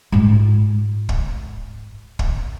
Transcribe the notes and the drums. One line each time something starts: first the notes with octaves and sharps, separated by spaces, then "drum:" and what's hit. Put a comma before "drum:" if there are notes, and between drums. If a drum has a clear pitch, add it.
G#2 F4
drum: kick
drum: kick